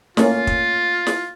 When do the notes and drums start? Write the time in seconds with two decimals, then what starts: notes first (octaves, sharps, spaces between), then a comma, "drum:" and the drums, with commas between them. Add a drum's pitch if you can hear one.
0.17 A3 A#3 C#4 F4, drum: snare
0.47 drum: kick
1.07 drum: snare